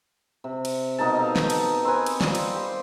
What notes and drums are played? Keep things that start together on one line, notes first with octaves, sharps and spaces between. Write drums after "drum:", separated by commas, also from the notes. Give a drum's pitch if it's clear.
C3
drum: cymbal
B2 D#4 A#4 A5
A4 F5
drum: snare
drum: cymbal
C4 A#4 B4 G#5
drum: cymbal
G3 F4 C5, drum: snare
drum: cymbal
G4